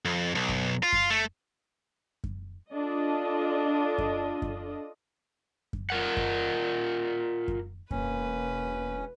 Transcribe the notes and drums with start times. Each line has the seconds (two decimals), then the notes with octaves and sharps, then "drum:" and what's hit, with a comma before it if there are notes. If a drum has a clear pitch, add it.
0.05 F2
0.35 B1
0.49 drum: kick F#2
0.83 F4
0.93 drum: kick F#2
1.10 A3
2.24 drum: kick F#2
2.72 D4 F4 A4 D#5
3.98 drum: kick F#2
4.42 drum: kick F#2
5.73 drum: kick F#2
5.90 F4 A#4 F#5
6.17 drum: kick F#2
7.48 drum: kick F#2
7.91 E1 A#3 C#4 B4, drum: kick F#2